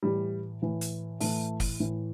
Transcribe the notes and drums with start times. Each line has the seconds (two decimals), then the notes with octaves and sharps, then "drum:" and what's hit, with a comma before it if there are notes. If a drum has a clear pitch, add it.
0.03 A2 E3 G3
0.62 A2 E3
0.81 drum: hi-hat
1.20 A2 E3 A3, drum: open hi-hat
1.60 drum: kick, open hi-hat
1.80 A2 E3